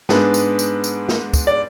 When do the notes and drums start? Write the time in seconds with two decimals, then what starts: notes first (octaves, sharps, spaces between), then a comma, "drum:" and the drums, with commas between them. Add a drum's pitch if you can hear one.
0.09 G#2 G#3 B3 D4 B4, drum: snare
0.34 drum: tambourine
0.59 drum: tambourine
0.84 drum: tambourine
1.09 drum: snare
1.34 drum: kick, tambourine
1.47 D5